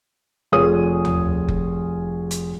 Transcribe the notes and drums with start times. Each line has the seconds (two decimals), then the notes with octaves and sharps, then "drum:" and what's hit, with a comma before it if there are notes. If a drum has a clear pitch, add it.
0.52 F1 F4 G#4 C#5 D#6
1.05 drum: tom
1.48 drum: kick F#1
2.31 drum: hi-hat